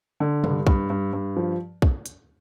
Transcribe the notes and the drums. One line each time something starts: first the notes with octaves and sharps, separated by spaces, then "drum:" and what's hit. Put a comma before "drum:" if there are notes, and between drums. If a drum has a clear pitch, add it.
D3
G2, drum: tom C3
G2, drum: kick
G2
G2
F3
drum: kick
drum: hi-hat